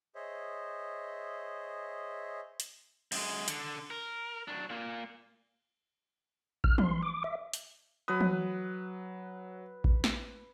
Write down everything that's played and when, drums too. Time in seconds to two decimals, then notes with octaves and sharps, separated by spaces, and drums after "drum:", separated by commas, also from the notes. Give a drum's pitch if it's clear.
0.15 G#4 C5 C#5 D#5 E5
2.60 drum: hi-hat
3.12 F#2 G#3, drum: cymbal
3.48 D3, drum: hi-hat
3.91 A#4
4.48 F#3 D4
4.70 A#2 A#3
6.64 F6, drum: kick A1
6.78 C6, drum: tom E3
7.03 D6
7.24 E5
7.53 drum: hi-hat
8.08 F#3 B4 D#6
8.21 drum: tom E3
9.84 drum: kick A1
10.04 drum: snare